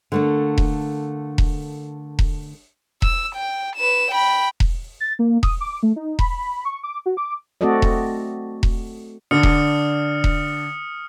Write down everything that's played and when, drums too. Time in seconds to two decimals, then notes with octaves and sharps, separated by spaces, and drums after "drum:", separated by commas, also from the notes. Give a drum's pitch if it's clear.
0.12 D3 A3 A#3
0.58 drum: kick E1
1.38 drum: kick E1
2.19 drum: kick E1
3.02 E6, drum: kick E1
3.35 G5
3.76 B4 E7
4.11 G5 B5
4.60 drum: kick E1
5.00 A6
5.19 A#3
5.43 D#6, drum: kick E1
5.61 D6
5.83 A3
5.96 D#4
6.19 B5, drum: kick E1
6.65 C#6
6.83 D6
7.06 F#4
7.17 D6
7.61 A3 C4 F#4 A4 D5 D#5
7.82 drum: kick E1
8.63 drum: kick E1
9.31 D3 D4 D#6 F6 C#7
9.43 drum: kick E1
10.24 drum: kick E1